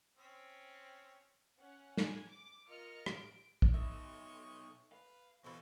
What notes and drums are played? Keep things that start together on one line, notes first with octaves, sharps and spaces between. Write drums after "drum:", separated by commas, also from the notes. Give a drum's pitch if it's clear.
C4 C#4
C#4 F#5
G#5, drum: snare
D6
F4 A#4 D#5 F6 C#7
D7, drum: rim click
drum: kick
B2 D#4 D#5 E5 C#6
B4 F5
B2 E3 F4 A4 C5 C#6